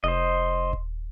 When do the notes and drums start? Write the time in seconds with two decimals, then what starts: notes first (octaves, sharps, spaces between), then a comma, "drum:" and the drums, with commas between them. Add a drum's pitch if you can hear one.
0.04 F1 C5 D#5
0.73 drum: kick D#1